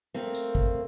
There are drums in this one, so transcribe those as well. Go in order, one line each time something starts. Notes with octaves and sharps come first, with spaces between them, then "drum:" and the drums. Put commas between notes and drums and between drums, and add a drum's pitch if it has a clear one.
A3 A#3 C4
drum: tambourine
drum: kick